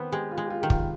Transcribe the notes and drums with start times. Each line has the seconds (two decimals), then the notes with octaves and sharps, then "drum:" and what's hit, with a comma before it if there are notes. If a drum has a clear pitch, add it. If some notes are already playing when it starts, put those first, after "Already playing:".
Already playing: D#3 B3 C4 B4
0.12 G#3 G4
0.31 F4
0.38 G#3
0.46 G4
0.50 F4
0.60 D#3 G4
0.70 F4, drum: kick